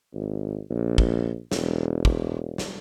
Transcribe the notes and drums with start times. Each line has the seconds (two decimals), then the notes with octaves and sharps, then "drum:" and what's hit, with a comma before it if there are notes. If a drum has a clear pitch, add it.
0.14 G#1
0.70 A#1
0.98 drum: kick
1.52 E1, drum: snare
2.05 drum: kick
2.58 drum: snare